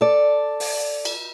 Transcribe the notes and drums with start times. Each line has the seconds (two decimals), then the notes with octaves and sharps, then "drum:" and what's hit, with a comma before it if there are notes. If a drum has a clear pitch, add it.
0.01 A4 D5
0.60 drum: open hi-hat
1.05 drum: cymbal